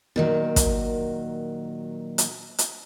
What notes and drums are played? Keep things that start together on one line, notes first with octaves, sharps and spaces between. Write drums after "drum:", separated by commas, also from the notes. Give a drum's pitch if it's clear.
A#2 D#3 F#3
drum: kick, hi-hat
drum: hi-hat
drum: hi-hat